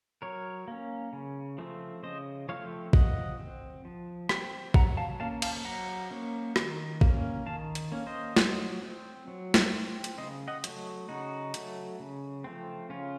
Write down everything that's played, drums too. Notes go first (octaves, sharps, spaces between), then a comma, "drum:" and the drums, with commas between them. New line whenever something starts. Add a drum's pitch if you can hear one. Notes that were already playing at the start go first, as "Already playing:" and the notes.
F#3 A#4 C#5
A#3 C#4
C#3
F3 A3 C4
C#3 C5 D#5
F3 A3 C4 C#5 F5
F3 D#5 F#5, drum: kick A1
C4
F3
C4, drum: rim click
F#3 F#5 A#5, drum: kick A1
F5 A5
A#3 C#4 F5 A5
F5 A5, drum: cymbal
F#3 F#5 A#5
A#3 C#4
D#3, drum: rim click
A#3 C#4, drum: kick A1
D#3 F5 A5
drum: hi-hat
A#3 C#4
C5 D#5
F#3, drum: snare
C4
F#3
drum: snare
C4
drum: hi-hat
C#3 C5 D#5
D#5 F#5
F#3 A3, drum: hi-hat
C#3 D#4 F#4
F#3 A3, drum: hi-hat
C#3
F3 A3 C4
C#3 C#4 F4